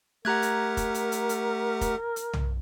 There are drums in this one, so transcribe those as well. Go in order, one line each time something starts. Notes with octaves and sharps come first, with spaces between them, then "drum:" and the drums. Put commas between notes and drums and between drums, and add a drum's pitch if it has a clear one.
A3 G4 A#4 F#5 A#5 F#6 G#6
drum: hi-hat
drum: kick, hi-hat
drum: hi-hat
drum: hi-hat
drum: hi-hat
drum: kick, hi-hat
drum: hi-hat
drum: tom